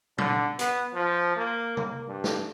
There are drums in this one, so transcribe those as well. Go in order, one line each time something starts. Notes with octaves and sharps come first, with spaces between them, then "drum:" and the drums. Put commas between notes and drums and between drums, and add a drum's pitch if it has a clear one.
D3, drum: tom A#2
B3, drum: hi-hat
F3
A#3
A#3, drum: tom C3
G2
drum: snare